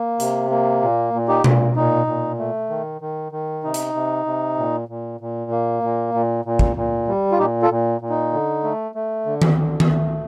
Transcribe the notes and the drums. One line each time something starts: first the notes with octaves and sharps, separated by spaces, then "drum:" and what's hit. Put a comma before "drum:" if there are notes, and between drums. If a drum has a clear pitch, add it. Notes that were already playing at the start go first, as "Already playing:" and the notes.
Already playing: A#3
C3, drum: hi-hat
A#3
A#2
A#2
D#4 G4
A#2, drum: tom B2
A#2 D#4
A#2
A3
D#3
D#3
D#3
C3 D#4
drum: hi-hat
C3
C3
A#2
A#2
A#2
A#3
A#2
A#2
A#2
drum: kick
A#2
G3
F4
A#2 D#4 G4
F4 A4
A#2
A#2
D#4
D3
A3
A3
D3
drum: tom D#3
D3
drum: tom D#3
A3